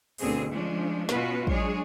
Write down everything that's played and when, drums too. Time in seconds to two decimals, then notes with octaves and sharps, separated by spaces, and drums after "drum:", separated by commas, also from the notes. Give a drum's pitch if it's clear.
0.18 D2 B2 D3 C4 G#4, drum: open hi-hat
0.51 F3 G#3 C#4 D4
1.09 B2 B3 C#4 F4 F#4 B4, drum: snare
1.47 F#3 G#3 D4 G#4 C#5, drum: kick